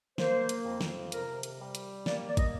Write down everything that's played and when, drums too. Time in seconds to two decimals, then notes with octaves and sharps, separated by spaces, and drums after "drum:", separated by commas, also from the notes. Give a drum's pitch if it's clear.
0.18 A#3 C5, drum: snare
0.49 drum: hi-hat
0.64 F2
0.81 drum: snare
1.12 C3 A#4, drum: hi-hat
1.43 drum: hi-hat
1.60 G3
1.75 drum: hi-hat
2.06 A#3 D5, drum: snare
2.29 D5
2.37 D#5, drum: kick, hi-hat